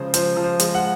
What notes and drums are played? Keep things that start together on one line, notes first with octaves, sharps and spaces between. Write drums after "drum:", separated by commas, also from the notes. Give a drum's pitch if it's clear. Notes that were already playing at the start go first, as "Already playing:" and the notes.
Already playing: C#3 F3 G#3 C5
F3 C5, drum: hi-hat
F3
C5
G#3, drum: hi-hat
F#5